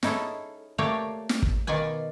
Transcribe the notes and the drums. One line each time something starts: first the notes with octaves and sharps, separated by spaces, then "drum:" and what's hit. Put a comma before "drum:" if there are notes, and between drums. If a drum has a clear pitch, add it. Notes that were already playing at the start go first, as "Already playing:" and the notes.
C#4 D#4 E4 G#4 A4, drum: snare
A3 A#3 G4 C#5 D5 F5
drum: snare
drum: kick
B2 D#3 F4 D5 G#5